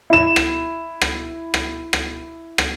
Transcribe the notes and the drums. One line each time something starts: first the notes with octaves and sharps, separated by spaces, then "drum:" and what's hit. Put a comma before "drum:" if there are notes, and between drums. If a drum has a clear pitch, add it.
E4 E7
drum: rim click
drum: rim click
drum: rim click
drum: rim click
drum: rim click